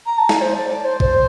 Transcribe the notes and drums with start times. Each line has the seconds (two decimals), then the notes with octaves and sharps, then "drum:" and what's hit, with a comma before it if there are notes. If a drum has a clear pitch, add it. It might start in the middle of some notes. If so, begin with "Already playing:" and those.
0.06 A#5
0.18 A5
0.29 D5, drum: snare
0.41 C5
0.53 D5
0.69 D5
0.84 C5
1.00 C5, drum: kick A1